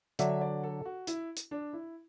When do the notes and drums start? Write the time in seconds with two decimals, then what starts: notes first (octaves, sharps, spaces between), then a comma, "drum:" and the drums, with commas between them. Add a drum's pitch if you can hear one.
0.19 D3 F#3 D4 E5, drum: hi-hat
0.41 D5
0.63 A4
0.85 F#4
1.07 E4, drum: hi-hat
1.37 drum: hi-hat
1.51 D4
1.73 E4